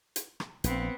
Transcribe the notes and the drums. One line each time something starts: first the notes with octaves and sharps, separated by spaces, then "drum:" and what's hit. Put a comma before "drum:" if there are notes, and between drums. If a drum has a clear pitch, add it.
drum: hi-hat
drum: rim click
A#1 B3 C4, drum: hi-hat